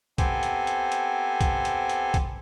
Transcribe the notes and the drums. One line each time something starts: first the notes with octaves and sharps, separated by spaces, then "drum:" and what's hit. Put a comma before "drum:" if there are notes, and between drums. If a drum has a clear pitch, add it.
B3 C4 G4 A4 C5 G#5, drum: kick, hi-hat
drum: hi-hat
drum: hi-hat
drum: hi-hat
drum: kick, hi-hat
drum: hi-hat
drum: hi-hat
drum: kick, hi-hat